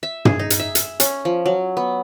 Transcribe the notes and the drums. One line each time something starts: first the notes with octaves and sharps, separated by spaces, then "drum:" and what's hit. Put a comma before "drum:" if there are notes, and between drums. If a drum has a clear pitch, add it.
E5
G#4, drum: tom
D#4
drum: hi-hat
E5
drum: hi-hat
C#4, drum: hi-hat
F3
F#3
B3